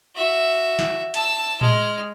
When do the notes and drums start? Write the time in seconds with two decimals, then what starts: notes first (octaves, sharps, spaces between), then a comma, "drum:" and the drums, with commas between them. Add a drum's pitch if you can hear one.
0.15 F#4 E5
0.79 drum: snare
1.14 A5 E6, drum: hi-hat
1.61 G#3 F6, drum: tom A2